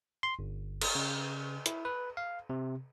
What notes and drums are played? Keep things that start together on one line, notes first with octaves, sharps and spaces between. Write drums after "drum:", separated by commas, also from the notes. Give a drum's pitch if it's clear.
C6
G1
drum: cymbal
C#3
E4, drum: hi-hat
B4
F5
C3